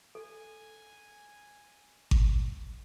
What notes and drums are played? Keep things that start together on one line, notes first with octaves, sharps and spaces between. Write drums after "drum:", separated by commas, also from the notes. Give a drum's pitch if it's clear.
A4 G#5
drum: kick G#1